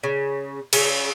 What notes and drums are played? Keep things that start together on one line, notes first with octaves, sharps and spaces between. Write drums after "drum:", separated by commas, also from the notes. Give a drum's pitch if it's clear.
C#3
C#3, drum: cymbal